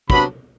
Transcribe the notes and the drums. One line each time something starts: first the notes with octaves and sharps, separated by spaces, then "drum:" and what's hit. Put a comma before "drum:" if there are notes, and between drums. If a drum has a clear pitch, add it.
C3 F#3 B3 D4 B5, drum: kick